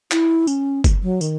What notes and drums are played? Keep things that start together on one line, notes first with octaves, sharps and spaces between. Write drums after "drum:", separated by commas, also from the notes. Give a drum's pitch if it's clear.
E4, drum: clap
C#4, drum: tambourine
drum: kick, tambourine
F#3
D#3, drum: tambourine